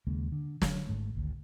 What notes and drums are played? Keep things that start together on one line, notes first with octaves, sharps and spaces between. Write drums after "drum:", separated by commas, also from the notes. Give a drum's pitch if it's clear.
D#2 C#3 G#3 A#3
D3
D3 F#3, drum: snare
G#1 G#2 A3
G#1 D2